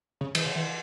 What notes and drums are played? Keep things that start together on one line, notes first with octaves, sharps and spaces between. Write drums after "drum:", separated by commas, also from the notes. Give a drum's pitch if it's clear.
C#3
E3, drum: cymbal
C#3
E3